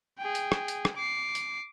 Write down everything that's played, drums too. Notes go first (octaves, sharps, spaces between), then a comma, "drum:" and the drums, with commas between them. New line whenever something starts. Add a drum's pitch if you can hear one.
G#4 G5
drum: hi-hat
drum: rim click
drum: hi-hat
drum: rim click
D6 C7
drum: hi-hat